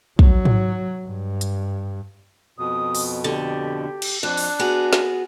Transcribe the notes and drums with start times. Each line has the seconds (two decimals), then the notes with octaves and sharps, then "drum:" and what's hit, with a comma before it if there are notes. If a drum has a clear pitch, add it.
0.19 F#3, drum: kick
0.45 drum: tom G#2
1.06 G2
1.41 drum: hi-hat
2.58 F2 B2 D#6
2.95 drum: open hi-hat
3.24 D3 G4
4.02 drum: cymbal
4.23 F2 D4 F#6
4.37 drum: open hi-hat
4.60 B3 F#4 G#4
4.93 drum: snare